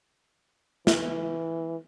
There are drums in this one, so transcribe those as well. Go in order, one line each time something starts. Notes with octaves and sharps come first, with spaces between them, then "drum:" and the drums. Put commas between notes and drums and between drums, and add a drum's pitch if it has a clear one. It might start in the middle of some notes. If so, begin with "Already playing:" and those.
E3, drum: snare